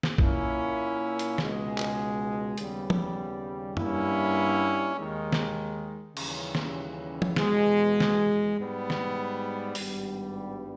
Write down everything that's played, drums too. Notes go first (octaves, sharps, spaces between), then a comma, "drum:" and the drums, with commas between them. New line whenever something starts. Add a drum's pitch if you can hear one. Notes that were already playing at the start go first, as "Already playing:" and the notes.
drum: snare
A#2 A#3 C#4 E4, drum: kick
drum: hi-hat
C#2 B2 G#3, drum: snare
drum: clap
D#2 C#3 G3 B3, drum: hi-hat
drum: tom F3
G2 G3 A#3 C#4 E4, drum: tom
D#2 D#3 G#3
drum: snare
D#2 C#3 E3 G3 C#4, drum: cymbal
drum: snare
drum: tom F3
E2 B2 G#3, drum: snare
drum: snare
G#2 G3 B3
drum: snare
G#1 G2 G3 B3, drum: open hi-hat